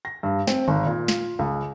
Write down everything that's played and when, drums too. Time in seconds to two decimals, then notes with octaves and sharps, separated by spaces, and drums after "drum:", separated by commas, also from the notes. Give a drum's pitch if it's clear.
0.05 A#6
0.23 G2
0.47 C4, drum: snare
0.68 G#1, drum: tom D3
0.86 A#2
1.08 F4, drum: snare
1.39 C#2